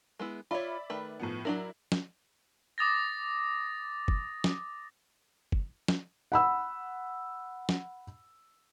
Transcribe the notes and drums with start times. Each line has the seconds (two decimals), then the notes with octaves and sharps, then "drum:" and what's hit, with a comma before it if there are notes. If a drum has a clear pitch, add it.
0.19 G#3 B3 E4
0.51 F4 C#5 D5 E5 B5
0.90 D#3 A3 B4
1.20 A2 F3 B3
1.45 F#3 D4 E4 A#4 A#5 F#7
1.92 drum: snare
2.78 D6 D#6 A6 A#6
4.08 drum: kick
4.44 drum: snare
5.52 drum: kick
5.88 drum: snare
6.32 F#5 B5 E6
7.69 drum: snare